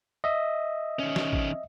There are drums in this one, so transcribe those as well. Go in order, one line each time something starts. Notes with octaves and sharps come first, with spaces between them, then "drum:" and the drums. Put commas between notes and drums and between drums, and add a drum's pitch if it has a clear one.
D#5 E5
D#3 C#4
drum: snare
drum: kick